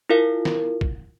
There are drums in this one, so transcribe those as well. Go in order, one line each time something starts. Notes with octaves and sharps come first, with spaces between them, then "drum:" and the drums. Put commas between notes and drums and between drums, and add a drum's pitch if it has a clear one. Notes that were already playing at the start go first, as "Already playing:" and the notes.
E4 F4 A#4 F5
drum: snare
drum: kick